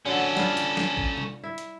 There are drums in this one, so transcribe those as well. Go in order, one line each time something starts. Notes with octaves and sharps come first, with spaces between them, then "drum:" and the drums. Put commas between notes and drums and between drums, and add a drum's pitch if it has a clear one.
D3 F#3 C#4 A4
G3 F4, drum: snare
drum: hi-hat
drum: snare
drum: kick
drum: tom C3
E4 E5
drum: hi-hat